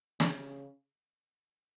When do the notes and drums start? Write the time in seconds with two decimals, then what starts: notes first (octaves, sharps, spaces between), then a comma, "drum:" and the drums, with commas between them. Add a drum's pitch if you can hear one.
0.20 C#3, drum: snare